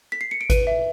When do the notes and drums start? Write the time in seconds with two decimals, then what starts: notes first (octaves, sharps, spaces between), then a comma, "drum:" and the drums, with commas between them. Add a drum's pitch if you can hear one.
0.12 B6
0.21 C7
0.31 C#7
0.41 D7
0.50 B4 D#7, drum: kick G#1, hi-hat
0.67 E5